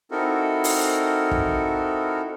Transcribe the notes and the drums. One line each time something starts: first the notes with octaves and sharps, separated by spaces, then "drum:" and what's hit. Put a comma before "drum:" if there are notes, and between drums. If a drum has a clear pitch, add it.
C4 D#4 E4 F#4 A4 A#4
drum: open hi-hat
drum: kick